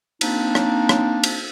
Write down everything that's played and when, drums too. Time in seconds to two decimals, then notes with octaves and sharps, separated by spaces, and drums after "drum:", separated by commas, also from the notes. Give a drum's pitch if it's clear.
0.21 A#3 C4 D4 D#4, drum: cymbal
0.55 drum: rim click
0.89 drum: rim click
1.23 drum: cymbal